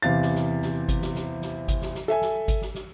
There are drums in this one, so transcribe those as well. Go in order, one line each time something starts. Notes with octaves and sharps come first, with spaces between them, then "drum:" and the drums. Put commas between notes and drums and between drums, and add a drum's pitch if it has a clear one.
E2 C3 F5 A6
drum: snare
drum: snare
drum: snare
drum: kick G1, hi-hat
drum: snare
drum: snare
drum: snare
drum: kick G1, hi-hat
drum: snare
drum: snare
A4 E5 G#5
drum: snare
drum: kick G1, hi-hat
drum: snare
drum: snare